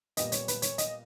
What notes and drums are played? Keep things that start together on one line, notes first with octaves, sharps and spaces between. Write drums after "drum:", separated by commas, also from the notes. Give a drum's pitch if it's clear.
A#2 G3 B3 D#5, drum: hi-hat
C#5, drum: hi-hat
B4, drum: hi-hat
C#5, drum: hi-hat
D#5, drum: hi-hat